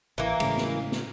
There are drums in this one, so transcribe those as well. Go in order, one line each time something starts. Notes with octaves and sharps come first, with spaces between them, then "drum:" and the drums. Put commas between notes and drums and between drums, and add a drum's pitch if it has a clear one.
A1 E3 A#3
A2 C#3 G#3, drum: cymbal
drum: snare
drum: snare